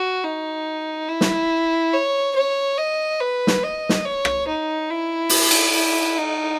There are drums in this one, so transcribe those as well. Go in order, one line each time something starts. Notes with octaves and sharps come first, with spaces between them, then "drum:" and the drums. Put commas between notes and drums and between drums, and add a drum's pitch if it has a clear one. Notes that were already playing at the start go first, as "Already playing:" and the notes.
Already playing: F#4
D#4
E4
drum: snare
C#5
C#5
D#5
B4
drum: snare
D#5
drum: snare
C#5
drum: rim click
D#4
E4
drum: open hi-hat
drum: cymbal
E4
D#4